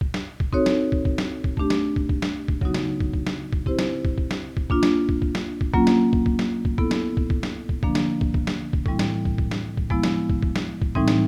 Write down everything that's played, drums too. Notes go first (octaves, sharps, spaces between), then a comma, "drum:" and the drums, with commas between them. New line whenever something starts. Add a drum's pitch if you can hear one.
drum: kick
drum: snare
drum: kick
C4 D#4 F#4 A4 C#5, drum: kick
drum: snare
drum: kick
drum: kick
drum: snare
drum: kick
A3 D4 G4, drum: kick
drum: snare
drum: kick
drum: kick
drum: snare
drum: kick
C#3 F#3 B3 D#4 F#4, drum: kick
drum: snare
drum: kick
drum: kick
drum: snare
drum: kick
C4 E4 G4 C5, drum: kick
drum: snare
drum: kick
drum: kick
drum: snare
drum: kick
A#3 D4 F4, drum: kick
drum: snare
drum: kick
drum: kick
drum: snare
drum: kick
F#3 A#3 C#4 F4, drum: kick
drum: snare
drum: kick
drum: kick
drum: snare
drum: kick
B3 E4 A4, drum: kick
drum: snare
drum: kick
drum: kick
drum: snare
drum: kick
D3 F3 A#3 D4, drum: kick
drum: snare
drum: kick
drum: kick
drum: snare
drum: kick
A2 E3 G3 C4 E4, drum: kick
drum: snare
drum: kick
drum: kick
drum: snare
drum: kick
F3 G#3 B3 E4, drum: kick
drum: snare
drum: kick
drum: kick
drum: snare
drum: kick
A2 E3 G3 C4 D#4, drum: kick
drum: snare